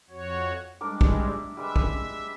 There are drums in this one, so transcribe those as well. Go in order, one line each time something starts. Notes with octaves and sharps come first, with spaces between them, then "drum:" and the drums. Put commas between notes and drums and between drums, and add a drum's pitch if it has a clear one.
F2 F#4 C#5
G3 G#3 D4 A#4 D6
drum: kick
E5
G3 G#3 B4 E5
drum: kick